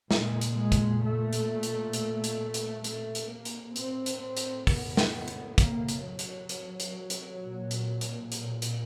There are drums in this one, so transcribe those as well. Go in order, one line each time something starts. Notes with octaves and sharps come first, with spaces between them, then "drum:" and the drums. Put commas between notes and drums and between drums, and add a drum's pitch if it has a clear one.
A#2 G#3, drum: snare
drum: hi-hat
G#3
drum: kick, hi-hat
A3
drum: hi-hat
drum: hi-hat
drum: hi-hat
drum: hi-hat
drum: hi-hat
A3, drum: hi-hat
drum: hi-hat
A#3
drum: hi-hat
A2 C4, drum: hi-hat
drum: hi-hat
C4
drum: hi-hat
B3, drum: kick, open hi-hat
drum: snare
drum: hi-hat
A#3, drum: kick, hi-hat
drum: hi-hat
F#3
drum: hi-hat
drum: hi-hat
drum: hi-hat
drum: hi-hat
A#2
drum: hi-hat
drum: hi-hat
drum: hi-hat
drum: hi-hat